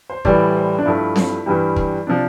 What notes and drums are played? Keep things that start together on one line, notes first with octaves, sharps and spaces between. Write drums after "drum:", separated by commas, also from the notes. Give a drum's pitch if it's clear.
C5
A2 E3 G3 D5, drum: kick
C5
D4
G2 F3 A3 E4
drum: snare C4
G2 E3 G3
drum: kick
C3 F3 D4